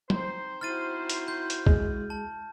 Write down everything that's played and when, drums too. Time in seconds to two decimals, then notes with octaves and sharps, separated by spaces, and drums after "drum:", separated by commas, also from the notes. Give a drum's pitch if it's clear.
0.10 C4 D#4 C5, drum: tom
0.61 E4 F#4 F6 A6 D#7
1.10 drum: hi-hat
1.28 G6
1.50 drum: hi-hat
1.67 G#3, drum: kick
2.10 A5